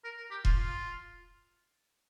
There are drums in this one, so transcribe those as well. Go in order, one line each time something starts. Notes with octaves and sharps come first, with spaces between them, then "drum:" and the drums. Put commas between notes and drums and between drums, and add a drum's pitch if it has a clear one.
A#4
A#4
G4
F4, drum: kick E1
F4